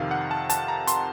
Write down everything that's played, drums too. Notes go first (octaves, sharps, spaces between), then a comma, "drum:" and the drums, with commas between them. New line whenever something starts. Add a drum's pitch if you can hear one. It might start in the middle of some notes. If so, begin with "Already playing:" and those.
Already playing: F2 C3 D#3 F5
F#5
A5
A5, drum: hi-hat
A#5
C6, drum: hi-hat